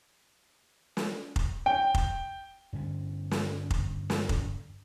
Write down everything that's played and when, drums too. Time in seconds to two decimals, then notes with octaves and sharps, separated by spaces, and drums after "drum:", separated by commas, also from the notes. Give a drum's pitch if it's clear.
0.97 drum: snare
1.36 drum: kick F1
1.66 G5
1.95 drum: kick F1
2.73 G2 D3 C#4
3.31 drum: snare
3.71 drum: kick F1
4.10 drum: snare
4.29 drum: kick F1